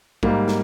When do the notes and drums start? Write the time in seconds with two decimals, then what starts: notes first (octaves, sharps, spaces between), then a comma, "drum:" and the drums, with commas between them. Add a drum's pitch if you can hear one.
0.23 G#2 G3 A#3, drum: kick
0.48 drum: snare